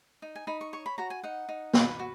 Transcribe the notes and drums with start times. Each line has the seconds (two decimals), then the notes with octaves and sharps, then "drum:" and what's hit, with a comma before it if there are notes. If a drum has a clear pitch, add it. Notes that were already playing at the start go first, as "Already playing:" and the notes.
0.22 D#4
0.35 G#5
0.47 D#4 B5
0.61 C#6
0.73 C#5 C#6
0.86 B5
0.98 F#4 A#5
1.10 G#5
1.23 D#4 F#5
1.49 D#4
1.74 B4, drum: snare
1.99 F#4